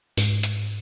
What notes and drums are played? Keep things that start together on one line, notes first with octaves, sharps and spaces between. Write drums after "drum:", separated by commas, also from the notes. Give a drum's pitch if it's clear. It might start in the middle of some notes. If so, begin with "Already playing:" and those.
G#2, drum: open hi-hat
drum: hi-hat